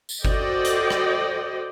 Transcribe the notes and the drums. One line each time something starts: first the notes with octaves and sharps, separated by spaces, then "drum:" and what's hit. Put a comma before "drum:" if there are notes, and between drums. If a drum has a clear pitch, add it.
drum: tambourine
F#4 A4 C5 D5 D#5 G5, drum: kick G1
drum: hi-hat
drum: rim click